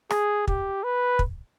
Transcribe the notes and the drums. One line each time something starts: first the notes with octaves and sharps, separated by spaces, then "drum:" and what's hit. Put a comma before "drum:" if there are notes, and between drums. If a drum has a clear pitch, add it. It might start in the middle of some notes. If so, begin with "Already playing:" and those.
G#4, drum: rim click
G4, drum: kick
B4
drum: kick